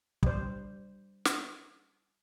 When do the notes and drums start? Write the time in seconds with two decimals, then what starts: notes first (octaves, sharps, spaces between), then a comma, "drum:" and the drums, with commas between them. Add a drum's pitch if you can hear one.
0.23 G3 C5, drum: kick
1.25 drum: snare